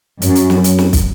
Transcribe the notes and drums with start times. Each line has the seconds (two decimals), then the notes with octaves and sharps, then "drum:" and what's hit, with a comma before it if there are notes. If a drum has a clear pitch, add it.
0.22 F#2, drum: hi-hat
0.35 drum: hi-hat
0.50 drum: snare
0.64 drum: hi-hat
0.79 drum: snare
0.93 drum: kick, hi-hat